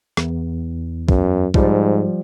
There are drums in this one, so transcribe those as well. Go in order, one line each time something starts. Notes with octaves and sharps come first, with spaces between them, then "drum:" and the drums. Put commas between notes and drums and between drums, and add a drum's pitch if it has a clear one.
E2, drum: rim click
F#2, drum: kick
G#2 F3 G3, drum: kick